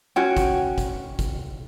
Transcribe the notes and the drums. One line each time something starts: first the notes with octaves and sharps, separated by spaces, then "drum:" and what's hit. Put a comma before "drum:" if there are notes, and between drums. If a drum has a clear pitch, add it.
C#4 F#4 G5
drum: kick, hi-hat
drum: kick, hi-hat
drum: kick, hi-hat